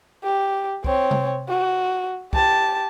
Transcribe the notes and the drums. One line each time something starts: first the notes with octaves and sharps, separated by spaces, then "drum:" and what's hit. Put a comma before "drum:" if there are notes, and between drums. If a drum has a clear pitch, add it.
G4
C4 C#5, drum: kick
drum: tom C3
F#4
G4 A5, drum: kick